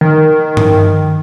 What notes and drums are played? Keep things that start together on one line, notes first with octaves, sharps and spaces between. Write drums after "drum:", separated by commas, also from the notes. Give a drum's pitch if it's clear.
D#3
drum: tom G2